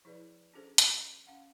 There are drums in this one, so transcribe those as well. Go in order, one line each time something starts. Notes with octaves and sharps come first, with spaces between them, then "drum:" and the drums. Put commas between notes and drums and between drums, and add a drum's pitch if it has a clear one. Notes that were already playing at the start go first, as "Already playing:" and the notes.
F3 E4 G#4 B4 D5
C#4 D4 F#4 G#4 A4 C5
drum: hi-hat
C#4 F5 F#5